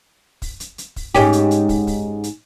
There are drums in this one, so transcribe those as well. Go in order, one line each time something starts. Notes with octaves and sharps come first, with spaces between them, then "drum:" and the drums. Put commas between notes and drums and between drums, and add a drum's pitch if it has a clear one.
drum: kick, open hi-hat
drum: hi-hat
drum: hi-hat
drum: kick, open hi-hat
G#2 C#4 G4, drum: kick, open hi-hat
drum: hi-hat
drum: hi-hat
drum: kick, open hi-hat
drum: kick, open hi-hat
drum: hi-hat